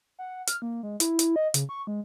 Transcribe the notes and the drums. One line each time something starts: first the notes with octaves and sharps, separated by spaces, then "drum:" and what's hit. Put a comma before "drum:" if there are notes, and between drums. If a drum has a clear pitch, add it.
F#5
F6, drum: hi-hat
A#3
G#3
E4, drum: hi-hat
drum: hi-hat
D#5
C#3, drum: hi-hat
C#6
G#3